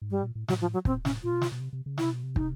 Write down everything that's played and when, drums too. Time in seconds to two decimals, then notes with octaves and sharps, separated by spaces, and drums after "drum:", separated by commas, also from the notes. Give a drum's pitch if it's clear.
0.02 G#2
0.11 G2 G3
0.23 A#2
0.35 A2
0.48 A2 F#3, drum: snare
0.61 F3
0.73 F#3
0.85 A#2 C4, drum: kick
1.05 A2 C#4, drum: snare
1.24 A#2 F4
1.32 B2
1.42 C3, drum: snare
1.52 B2
1.60 C3
1.73 C3
1.86 C#3
1.98 C3 E4, drum: snare
2.11 B2
2.23 C3
2.36 D#4, drum: kick